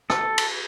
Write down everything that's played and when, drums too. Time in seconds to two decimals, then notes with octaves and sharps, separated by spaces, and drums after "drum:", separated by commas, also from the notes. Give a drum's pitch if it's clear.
0.10 A4, drum: rim click
0.38 drum: cymbal